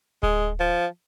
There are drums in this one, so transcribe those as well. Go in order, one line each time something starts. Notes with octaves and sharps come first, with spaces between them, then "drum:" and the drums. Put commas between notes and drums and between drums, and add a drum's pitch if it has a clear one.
G#3, drum: kick D1
F3